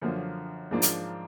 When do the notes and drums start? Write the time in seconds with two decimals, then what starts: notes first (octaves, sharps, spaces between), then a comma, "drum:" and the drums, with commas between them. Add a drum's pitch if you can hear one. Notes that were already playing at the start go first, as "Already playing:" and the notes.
0.02 F#2 D3 F3 A#3
0.71 G#2 F3 A#3 D4 F4
0.82 drum: hi-hat